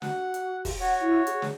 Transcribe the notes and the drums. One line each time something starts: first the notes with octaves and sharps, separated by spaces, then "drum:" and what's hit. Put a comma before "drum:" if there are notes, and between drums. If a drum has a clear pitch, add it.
F#4 F#5, drum: snare
drum: hi-hat
drum: kick, open hi-hat
F#4 C#5 F#5
E4
G#4, drum: hi-hat
drum: snare